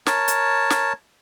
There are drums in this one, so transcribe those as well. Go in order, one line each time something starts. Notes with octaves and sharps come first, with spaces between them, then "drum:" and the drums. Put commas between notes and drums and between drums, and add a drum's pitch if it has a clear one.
A#4 C#5 A5, drum: snare
drum: hi-hat
drum: snare